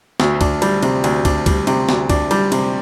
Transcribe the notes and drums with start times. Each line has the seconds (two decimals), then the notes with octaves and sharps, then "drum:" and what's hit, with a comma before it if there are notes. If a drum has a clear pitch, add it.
0.20 D2, drum: snare
0.41 D4, drum: kick, cymbal
0.62 G3, drum: cymbal
0.83 C3, drum: cymbal
1.04 D2, drum: cymbal
1.25 D4, drum: kick, cymbal
1.46 G3, drum: kick, cymbal
1.67 C3, drum: cymbal
1.89 D2, drum: snare
2.10 D4, drum: kick, cymbal
2.31 G3, drum: cymbal
2.52 C3, drum: cymbal